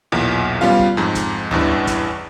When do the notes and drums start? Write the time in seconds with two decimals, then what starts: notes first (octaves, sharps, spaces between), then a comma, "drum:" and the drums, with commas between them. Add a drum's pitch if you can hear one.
0.12 B1 E2 A#2
0.61 G3 B3 C#4 F4 F5
0.79 drum: kick
0.97 F2 G#2
1.15 drum: kick, hi-hat
1.51 A1 E2 G2 E3, drum: tom D2
1.87 drum: kick, hi-hat